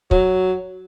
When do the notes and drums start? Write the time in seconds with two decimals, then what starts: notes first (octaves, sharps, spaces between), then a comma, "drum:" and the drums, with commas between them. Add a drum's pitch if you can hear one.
0.11 F#3, drum: kick